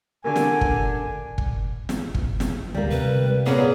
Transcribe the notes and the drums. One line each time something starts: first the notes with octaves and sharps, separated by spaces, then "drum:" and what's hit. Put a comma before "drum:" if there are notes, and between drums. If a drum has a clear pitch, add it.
D3 G4 A#4 G#5
drum: snare
drum: kick
drum: kick
drum: snare
drum: kick
drum: snare
D2 G3 A#3
C3 B4
A#2 A#3 B3 C#4 G#4